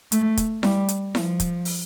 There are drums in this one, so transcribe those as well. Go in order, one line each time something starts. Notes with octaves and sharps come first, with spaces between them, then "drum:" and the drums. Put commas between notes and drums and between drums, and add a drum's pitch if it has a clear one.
A3, drum: hi-hat
drum: kick, hi-hat
G3, drum: snare E4
drum: hi-hat
F3, drum: snare E4
drum: kick, hi-hat
drum: open hi-hat